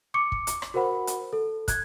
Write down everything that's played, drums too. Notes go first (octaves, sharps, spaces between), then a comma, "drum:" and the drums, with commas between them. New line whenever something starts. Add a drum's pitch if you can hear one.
C#6 D6 C#7
drum: kick
drum: hi-hat
drum: rim click
F#4 A#4 C5 F#5 B5
drum: hi-hat
A4
F#6 G#6, drum: kick, hi-hat